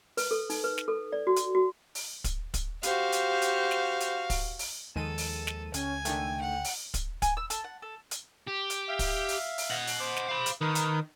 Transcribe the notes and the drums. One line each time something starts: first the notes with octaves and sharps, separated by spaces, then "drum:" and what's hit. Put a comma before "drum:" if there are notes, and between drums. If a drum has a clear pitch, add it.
B4, drum: open hi-hat
A4
D#4, drum: open hi-hat
B4
drum: snare
A4
D5
F#4
drum: hi-hat
F#4
drum: open hi-hat
drum: kick, hi-hat
drum: kick, hi-hat
F#4 G4 C5 F5, drum: hi-hat
drum: hi-hat
drum: hi-hat
drum: snare
drum: hi-hat
drum: kick, open hi-hat
drum: open hi-hat
D#2 D#3 F3 G#3 A4 D#7
drum: open hi-hat
drum: snare
C#2 C#4 G#5, drum: hi-hat
D3 D#3 A3 G5, drum: hi-hat
F#5
drum: open hi-hat
drum: kick, hi-hat
G#5, drum: kick, hi-hat
E6
A4, drum: hi-hat
F#5
A4
drum: hi-hat
G4
drum: hi-hat
E5 F5
drum: kick, open hi-hat
drum: open hi-hat
drum: open hi-hat
D#5 F#5
drum: open hi-hat
C5 D6
drum: snare
F5 B5
drum: hi-hat
D#3 A#4 B4 D#6
drum: hi-hat